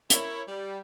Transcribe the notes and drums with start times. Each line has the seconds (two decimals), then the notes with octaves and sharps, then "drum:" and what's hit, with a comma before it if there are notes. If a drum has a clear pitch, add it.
0.10 E4 A#4 C#5, drum: hi-hat
0.48 G3